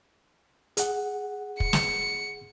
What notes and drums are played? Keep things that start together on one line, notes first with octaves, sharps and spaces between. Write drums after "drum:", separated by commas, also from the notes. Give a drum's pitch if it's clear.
G#4 F#5, drum: hi-hat
C#7, drum: kick
drum: snare